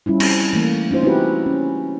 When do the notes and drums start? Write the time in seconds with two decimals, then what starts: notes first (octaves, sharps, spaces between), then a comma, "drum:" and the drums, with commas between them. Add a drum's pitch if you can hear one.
0.06 G3 C#4 E4 F4
0.20 C4, drum: cymbal
0.53 E3 A3 A#3
0.91 C#4 D#4 F4 C5
1.03 C4 D#4 E4 F#4 G4 B4
1.46 C#4